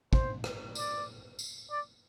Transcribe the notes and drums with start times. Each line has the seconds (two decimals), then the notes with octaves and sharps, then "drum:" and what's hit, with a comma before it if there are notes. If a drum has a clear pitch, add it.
0.13 C5, drum: kick
0.44 drum: rim click
0.75 D5, drum: tambourine
1.39 drum: tambourine
1.70 D5